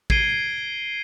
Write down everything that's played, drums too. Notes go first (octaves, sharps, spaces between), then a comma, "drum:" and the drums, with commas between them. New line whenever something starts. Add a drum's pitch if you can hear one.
G#6 C7 D7 D#7 G7, drum: kick